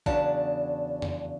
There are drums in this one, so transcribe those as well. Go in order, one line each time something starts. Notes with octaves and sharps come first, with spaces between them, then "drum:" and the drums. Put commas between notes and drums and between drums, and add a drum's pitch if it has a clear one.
E2 C#3 F#3 D4 A5, drum: kick
drum: tom